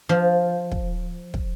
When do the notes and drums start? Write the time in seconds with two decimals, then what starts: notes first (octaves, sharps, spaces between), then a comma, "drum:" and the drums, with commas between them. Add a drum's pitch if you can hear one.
0.09 F3
0.71 drum: kick
1.34 drum: kick